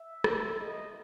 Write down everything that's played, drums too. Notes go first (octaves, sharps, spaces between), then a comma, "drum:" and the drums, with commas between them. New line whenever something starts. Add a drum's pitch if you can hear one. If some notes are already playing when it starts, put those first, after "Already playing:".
Already playing: E5
E3 A3 E4, drum: rim click
A2 E3 B3 D#5